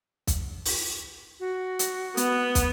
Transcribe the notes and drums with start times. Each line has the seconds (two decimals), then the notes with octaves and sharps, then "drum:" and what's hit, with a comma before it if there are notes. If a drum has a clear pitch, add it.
0.27 drum: kick, hi-hat
0.65 drum: open hi-hat
1.40 F#4
1.79 drum: hi-hat
2.17 B3, drum: hi-hat
2.55 drum: kick, hi-hat